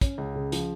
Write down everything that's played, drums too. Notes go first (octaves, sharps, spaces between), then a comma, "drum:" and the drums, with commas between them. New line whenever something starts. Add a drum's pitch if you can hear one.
C#4, drum: kick, hi-hat
C#2
C#3
F3, drum: hi-hat